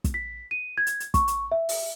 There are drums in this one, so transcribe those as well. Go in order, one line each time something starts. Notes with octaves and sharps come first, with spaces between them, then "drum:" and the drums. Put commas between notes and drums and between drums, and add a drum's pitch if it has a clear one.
drum: kick, hi-hat
B6
D#7
G#6
drum: hi-hat
drum: hi-hat
C#6, drum: kick, hi-hat
drum: hi-hat
E5
drum: open hi-hat